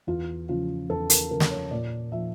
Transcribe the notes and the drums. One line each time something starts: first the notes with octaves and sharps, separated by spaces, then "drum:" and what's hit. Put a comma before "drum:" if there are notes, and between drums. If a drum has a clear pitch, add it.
E2 F4
C#3 F3 F4
E2 A4
A#4, drum: hi-hat
C#3 F3 A#4
drum: snare
C#5
A#2 D5
F3 E5